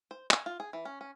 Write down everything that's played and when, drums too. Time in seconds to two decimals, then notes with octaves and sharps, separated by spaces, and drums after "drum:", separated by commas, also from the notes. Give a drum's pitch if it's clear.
0.11 C5
0.31 G#5, drum: clap
0.46 F4
0.60 G#4
0.73 E3
0.85 C#4
1.01 C#4